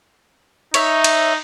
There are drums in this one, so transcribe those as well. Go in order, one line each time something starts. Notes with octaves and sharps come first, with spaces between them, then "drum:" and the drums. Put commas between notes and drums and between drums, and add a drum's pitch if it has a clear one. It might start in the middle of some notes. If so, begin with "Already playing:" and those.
D#4 C#5 E5, drum: cymbal
drum: cymbal